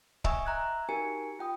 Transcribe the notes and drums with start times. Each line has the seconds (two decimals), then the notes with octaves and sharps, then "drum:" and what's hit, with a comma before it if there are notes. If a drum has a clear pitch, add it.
0.24 D#5 E5 G#5 C#6 E6, drum: kick
0.45 E5 A#5 F#6 G#6
0.89 D#4 F#4 G4 A#4 G#5 C#7
1.39 F4 G5 D#6